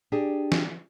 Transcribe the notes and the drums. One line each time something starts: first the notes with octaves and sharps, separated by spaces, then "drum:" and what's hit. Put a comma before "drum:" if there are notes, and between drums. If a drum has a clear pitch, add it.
D4 G4 G#4
drum: snare